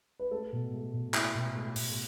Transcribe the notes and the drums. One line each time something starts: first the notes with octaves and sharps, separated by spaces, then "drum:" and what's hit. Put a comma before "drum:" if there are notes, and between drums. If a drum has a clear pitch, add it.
B4
A3 A4
B2
A3
B2
A3 E4, drum: clap
B2
A3
B2, drum: open hi-hat